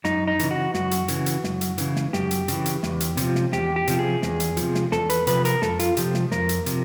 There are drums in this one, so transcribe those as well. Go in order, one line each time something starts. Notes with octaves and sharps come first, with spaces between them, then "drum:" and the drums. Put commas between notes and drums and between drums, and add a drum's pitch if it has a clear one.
F#2 D#4, drum: snare
D#4
C#3 E3, drum: hi-hat
F#4
F#2 F#4, drum: snare
drum: hi-hat
C#3 E3, drum: hi-hat
drum: hi-hat
F#2, drum: snare
drum: hi-hat
C#3 E3, drum: hi-hat
drum: snare
F#2 G4, drum: snare
drum: hi-hat
C#3 E3, drum: hi-hat
drum: hi-hat
E2, drum: snare
drum: hi-hat
C3 F3, drum: hi-hat
drum: snare
E2 G4, drum: snare
G4
C3 F3, drum: hi-hat
G#4
E2, drum: snare
drum: hi-hat
C3 F3, drum: hi-hat
drum: snare
E2 A4, drum: snare
B4, drum: hi-hat
C3 F3 B4, drum: hi-hat
A#4, drum: hi-hat
F2 A4, drum: snare
F4, drum: hi-hat
C3 F3 G4, drum: hi-hat
drum: snare
F2 A#4, drum: snare
drum: hi-hat
C3 F3, drum: hi-hat